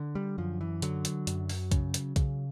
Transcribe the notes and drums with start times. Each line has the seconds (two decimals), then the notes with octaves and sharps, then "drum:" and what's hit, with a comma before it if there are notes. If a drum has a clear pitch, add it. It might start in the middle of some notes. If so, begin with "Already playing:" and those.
Already playing: D3
0.15 G3
0.38 F#2 F3
0.61 E3
0.82 D3 F#3, drum: hi-hat
1.05 drum: hi-hat
1.27 F#2, drum: hi-hat
1.49 drum: open hi-hat
1.72 C#3, drum: kick B1, hi-hat
1.94 drum: hi-hat
2.16 C#3, drum: kick B1, hi-hat